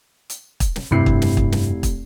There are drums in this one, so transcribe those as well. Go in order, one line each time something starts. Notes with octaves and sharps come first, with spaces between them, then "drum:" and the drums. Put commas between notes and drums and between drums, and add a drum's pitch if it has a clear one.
drum: hi-hat
drum: kick, hi-hat
drum: snare
F1 G2 C3 E4 C7
drum: kick
drum: snare
drum: kick
drum: snare
drum: kick, hi-hat